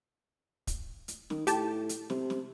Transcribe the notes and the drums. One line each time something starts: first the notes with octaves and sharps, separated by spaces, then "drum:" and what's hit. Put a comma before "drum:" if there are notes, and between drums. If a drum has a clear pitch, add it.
drum: kick, hi-hat
drum: hi-hat
D#3, drum: snare
A2 G4 A5, drum: hi-hat
drum: hi-hat
C3, drum: snare
drum: snare